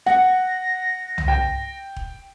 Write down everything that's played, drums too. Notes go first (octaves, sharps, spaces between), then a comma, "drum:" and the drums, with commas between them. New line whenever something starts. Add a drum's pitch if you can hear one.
F#5 A#6, drum: snare
drum: tom
G5
drum: kick E1